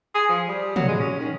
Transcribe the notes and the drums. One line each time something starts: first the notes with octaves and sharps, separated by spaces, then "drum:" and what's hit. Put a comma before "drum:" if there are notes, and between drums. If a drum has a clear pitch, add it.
G#4
F3
G3
F#3, drum: tom
G#3
C#4
D#3